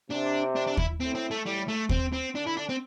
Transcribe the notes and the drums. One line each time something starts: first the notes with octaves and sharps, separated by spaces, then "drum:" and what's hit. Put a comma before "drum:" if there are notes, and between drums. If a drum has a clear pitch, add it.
C3 D4
D4
D4
E4, drum: kick D#2
A2 C4
C4
A3
A2 G3
A3
C4, drum: kick D#2
C4
D3 D4
E4
D4
C4